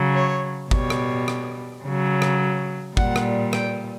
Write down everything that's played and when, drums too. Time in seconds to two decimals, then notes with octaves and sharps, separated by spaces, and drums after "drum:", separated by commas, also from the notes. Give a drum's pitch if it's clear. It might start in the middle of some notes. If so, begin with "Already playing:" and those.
Already playing: C#3 F#3
0.15 C#5
0.71 B2 G3 C#5, drum: kick G#1
0.90 drum: rim click
1.28 drum: rim click
1.84 C#3 F#3
2.22 drum: rim click
2.97 A#2 G3 F#5, drum: kick G#1
3.16 drum: rim click
3.53 G5, drum: rim click